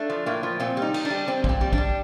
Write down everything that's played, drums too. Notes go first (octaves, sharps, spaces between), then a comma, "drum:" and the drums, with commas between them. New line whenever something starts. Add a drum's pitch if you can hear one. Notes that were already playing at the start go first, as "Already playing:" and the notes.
Already playing: A3 D4
F3
A2 A#3
F3
A#2 C4
G3 D#4
G3, drum: cymbal
D4
G3
G3 C4
A#2 C4, drum: kick
G3
D4, drum: kick
G3